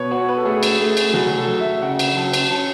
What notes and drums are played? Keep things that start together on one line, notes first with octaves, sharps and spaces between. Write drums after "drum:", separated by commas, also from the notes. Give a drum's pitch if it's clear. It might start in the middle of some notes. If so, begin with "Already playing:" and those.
Already playing: B2 B4 C#5
F#4 C#5
B4
A4
A3 G#4
drum: cymbal
A3 G#4
drum: cymbal
F#3 F#4, drum: tom C3
A4
F#3
E5
C#3 F#5
drum: cymbal
F#3 A5
drum: cymbal
C#4 A5